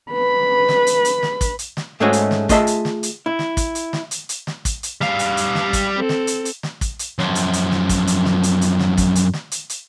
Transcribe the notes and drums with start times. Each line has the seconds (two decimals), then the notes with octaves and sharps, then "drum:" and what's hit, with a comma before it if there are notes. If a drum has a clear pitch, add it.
0.12 B4 B5
0.69 drum: snare
0.87 drum: hi-hat
1.05 drum: hi-hat
1.23 drum: snare
1.41 drum: kick, hi-hat
1.59 drum: hi-hat
1.77 drum: snare
2.00 G#2 G#3 A3 C#4 F#4 G#4
2.13 drum: hi-hat
2.31 drum: snare
2.49 A3 F4 G#4 D#5 E5 A5, drum: kick, hi-hat
2.67 drum: hi-hat
2.85 drum: snare
3.03 drum: hi-hat
3.26 E4
3.39 drum: snare
3.57 drum: kick, hi-hat
3.75 drum: hi-hat
3.93 drum: snare
4.11 drum: hi-hat
4.29 drum: hi-hat
4.47 drum: snare
4.65 drum: kick, hi-hat
4.83 drum: hi-hat
5.01 G3 F5, drum: snare
5.19 drum: hi-hat
5.37 drum: hi-hat
5.55 drum: snare
5.73 drum: kick, hi-hat
5.96 C4 A4
6.09 drum: snare
6.27 drum: hi-hat
6.45 drum: hi-hat
6.63 drum: snare
6.81 drum: kick, hi-hat
6.99 drum: hi-hat
7.19 F#2 F3, drum: snare
7.35 drum: hi-hat
7.53 drum: hi-hat
7.71 drum: snare
7.89 drum: kick, hi-hat
8.07 drum: hi-hat
8.25 drum: snare
8.43 drum: hi-hat
8.61 drum: hi-hat
8.79 drum: snare
8.97 drum: kick, hi-hat
9.15 drum: hi-hat
9.33 drum: snare
9.52 drum: hi-hat
9.70 drum: hi-hat